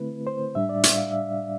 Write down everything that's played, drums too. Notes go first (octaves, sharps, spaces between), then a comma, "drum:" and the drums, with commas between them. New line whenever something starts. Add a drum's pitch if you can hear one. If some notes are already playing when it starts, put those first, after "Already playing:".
Already playing: D3 A3 C4 E4 B4
C5
A2 G3 D4 E5
D5
E5, drum: hi-hat
F5
E5